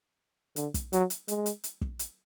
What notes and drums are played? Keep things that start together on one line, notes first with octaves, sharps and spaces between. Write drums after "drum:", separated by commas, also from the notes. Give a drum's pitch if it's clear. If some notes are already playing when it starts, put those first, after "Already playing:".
D3, drum: hi-hat
drum: kick, hi-hat
F#3, drum: hi-hat
drum: hi-hat
G#3, drum: hi-hat
drum: hi-hat
drum: hi-hat
drum: kick
drum: hi-hat